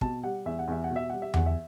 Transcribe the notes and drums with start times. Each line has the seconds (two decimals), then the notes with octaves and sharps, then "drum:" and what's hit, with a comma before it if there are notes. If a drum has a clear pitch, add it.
0.01 B2 A5, drum: kick
0.23 G3 F#5
0.46 E2 E5
0.59 F#5
0.68 E2 E5
0.84 F#5
0.91 B2
0.96 E5
1.10 G3 F#5
1.22 E5
1.34 E2 F#5, drum: tom E2
1.46 E5